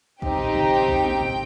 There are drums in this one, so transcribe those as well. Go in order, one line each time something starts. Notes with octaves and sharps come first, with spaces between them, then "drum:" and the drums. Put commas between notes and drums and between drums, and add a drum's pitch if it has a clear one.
C4 D#4 G4 G5, drum: kick A1
drum: tom
drum: tom
drum: kick A1
drum: tom
drum: tom